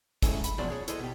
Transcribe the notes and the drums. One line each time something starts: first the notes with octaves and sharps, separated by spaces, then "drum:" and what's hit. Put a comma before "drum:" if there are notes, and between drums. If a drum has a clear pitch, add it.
G#3 C#4 E4 A4 C5 D#5, drum: kick, hi-hat
B5, drum: hi-hat
E2 B2 F3 F#3 C5 D5
G#4 C#5
E4 A4 C5 D#5, drum: hi-hat
B2 G4